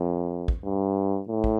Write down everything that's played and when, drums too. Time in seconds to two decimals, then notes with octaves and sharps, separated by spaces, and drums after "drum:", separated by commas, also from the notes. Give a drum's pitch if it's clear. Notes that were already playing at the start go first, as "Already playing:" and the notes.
Already playing: F2
0.48 drum: kick
0.64 G2
1.28 A2
1.44 drum: kick